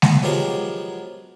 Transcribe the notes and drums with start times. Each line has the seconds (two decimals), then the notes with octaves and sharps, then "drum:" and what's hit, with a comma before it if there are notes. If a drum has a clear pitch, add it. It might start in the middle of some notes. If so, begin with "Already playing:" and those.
0.02 drum: snare G#3
0.23 F3 F#3 G#3 B3 G4 A#4